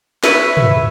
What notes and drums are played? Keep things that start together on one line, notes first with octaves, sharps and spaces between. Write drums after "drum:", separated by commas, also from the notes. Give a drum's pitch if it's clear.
B4 C#5 E5, drum: snare
drum: tom